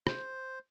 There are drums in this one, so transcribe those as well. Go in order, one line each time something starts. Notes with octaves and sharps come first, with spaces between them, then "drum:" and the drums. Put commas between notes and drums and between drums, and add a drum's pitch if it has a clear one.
C5, drum: rim click